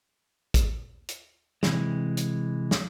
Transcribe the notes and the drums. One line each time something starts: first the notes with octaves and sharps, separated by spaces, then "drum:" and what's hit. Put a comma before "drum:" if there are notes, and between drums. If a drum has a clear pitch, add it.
drum: kick, hi-hat
drum: hi-hat
C3 E3 G#3, drum: snare
drum: hi-hat
drum: snare